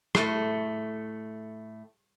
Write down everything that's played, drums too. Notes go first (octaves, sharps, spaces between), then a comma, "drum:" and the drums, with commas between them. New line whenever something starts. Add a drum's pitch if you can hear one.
A2 A3, drum: rim click